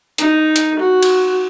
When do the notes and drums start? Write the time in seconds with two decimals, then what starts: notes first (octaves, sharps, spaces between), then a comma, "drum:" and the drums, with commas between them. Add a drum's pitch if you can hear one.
0.18 D#4, drum: hi-hat
0.56 drum: hi-hat
0.79 F#4
1.03 drum: cymbal